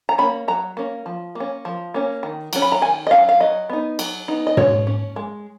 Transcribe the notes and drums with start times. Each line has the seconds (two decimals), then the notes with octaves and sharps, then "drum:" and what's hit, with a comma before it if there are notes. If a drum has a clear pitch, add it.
0.09 A#5
0.18 A#3 C#4 B5
0.48 F#3 A#5
0.77 A#3 C#4
1.06 F3
1.35 A#3 C#4
1.65 F3
1.94 A#3 C#4
2.23 D#3
2.53 F#3 C#4, drum: cymbal
2.62 B5
2.72 A#5
2.82 D#3 G#5
3.07 D#5
3.11 F#3 C#4 F5
3.29 F5
3.40 F#3 D#5
3.69 B3 D#4
3.99 F#3, drum: cymbal
4.28 B3 D#4
4.47 D#5
4.57 G#3 C#5, drum: tom
4.87 C#4
5.16 G#3